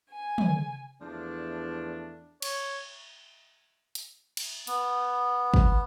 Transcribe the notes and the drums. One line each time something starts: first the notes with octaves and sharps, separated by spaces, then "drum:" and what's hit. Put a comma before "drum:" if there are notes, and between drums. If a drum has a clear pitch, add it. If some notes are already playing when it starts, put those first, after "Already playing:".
G#5
drum: tom
E2 F3 A3 D4
C#5, drum: cymbal
drum: hi-hat
drum: cymbal
B3, drum: hi-hat
drum: kick